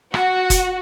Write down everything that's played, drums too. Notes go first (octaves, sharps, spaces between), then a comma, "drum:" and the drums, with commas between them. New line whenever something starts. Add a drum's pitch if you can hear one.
F#4, drum: rim click
drum: kick, hi-hat